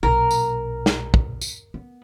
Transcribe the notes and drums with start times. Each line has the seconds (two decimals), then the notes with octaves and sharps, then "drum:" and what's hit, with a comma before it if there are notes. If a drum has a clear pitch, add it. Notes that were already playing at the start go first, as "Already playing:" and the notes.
0.03 B1 A#2 A#4
0.31 drum: tambourine
0.86 drum: snare
1.14 drum: kick
1.41 drum: tambourine
1.74 B3